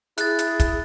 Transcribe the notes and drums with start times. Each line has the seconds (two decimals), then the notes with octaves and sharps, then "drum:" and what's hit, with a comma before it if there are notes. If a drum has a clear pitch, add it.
0.18 E4 G#4 F#6 A6, drum: hi-hat
0.39 drum: hi-hat
0.60 drum: kick, hi-hat